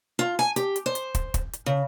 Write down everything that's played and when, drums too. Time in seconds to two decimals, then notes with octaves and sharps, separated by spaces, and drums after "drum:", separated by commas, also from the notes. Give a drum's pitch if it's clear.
0.19 F4
0.39 G#5
0.56 G4, drum: hi-hat
0.76 drum: hi-hat
0.86 C5
0.95 drum: hi-hat
1.15 drum: kick, hi-hat
1.34 drum: kick, hi-hat
1.53 drum: hi-hat
1.66 C#3